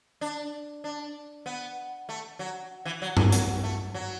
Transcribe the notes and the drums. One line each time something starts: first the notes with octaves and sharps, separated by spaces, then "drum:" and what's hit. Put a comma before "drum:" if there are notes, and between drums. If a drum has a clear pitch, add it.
D4
D4
B3
A3
F#3
E3
F#3
E3, drum: tom G2
F#3, drum: hi-hat
A3
F#3